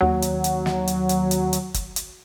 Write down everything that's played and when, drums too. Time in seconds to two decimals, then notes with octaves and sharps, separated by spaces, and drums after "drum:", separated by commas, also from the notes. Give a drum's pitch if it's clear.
0.01 D#2 F#3
0.22 drum: hi-hat
0.44 drum: hi-hat
0.66 drum: snare
0.87 drum: hi-hat
1.09 drum: hi-hat
1.31 drum: hi-hat
1.53 drum: hi-hat
1.74 drum: kick, hi-hat
1.96 drum: hi-hat